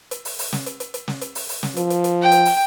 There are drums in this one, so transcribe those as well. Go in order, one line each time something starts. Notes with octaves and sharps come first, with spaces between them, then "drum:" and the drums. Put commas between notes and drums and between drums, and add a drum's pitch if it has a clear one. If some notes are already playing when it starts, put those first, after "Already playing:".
drum: hi-hat
drum: open hi-hat
drum: open hi-hat
drum: snare
drum: hi-hat
drum: hi-hat
drum: hi-hat
drum: snare
drum: hi-hat
drum: open hi-hat
drum: open hi-hat
drum: snare
F3, drum: hi-hat
drum: hi-hat
drum: hi-hat
G5
drum: hi-hat
drum: open hi-hat